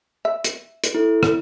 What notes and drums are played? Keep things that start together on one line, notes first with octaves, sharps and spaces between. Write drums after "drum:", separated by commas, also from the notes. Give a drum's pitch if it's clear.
E5
drum: hi-hat
drum: hi-hat
E4 A4
drum: rim click